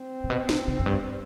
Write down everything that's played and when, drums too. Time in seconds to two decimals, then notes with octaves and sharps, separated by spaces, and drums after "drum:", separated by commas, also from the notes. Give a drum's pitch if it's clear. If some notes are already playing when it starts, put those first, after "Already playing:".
Already playing: C4
0.24 A#2
0.30 B2
0.49 C3, drum: snare
0.68 C3
0.79 F#2
0.86 G2